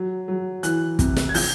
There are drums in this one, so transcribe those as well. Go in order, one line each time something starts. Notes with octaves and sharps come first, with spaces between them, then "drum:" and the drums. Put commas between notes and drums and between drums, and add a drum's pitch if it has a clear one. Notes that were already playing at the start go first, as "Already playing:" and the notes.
Already playing: F#3
F#3
E3 F#6, drum: hi-hat
C3, drum: kick, hi-hat
drum: snare
G#6
F3 G6, drum: open hi-hat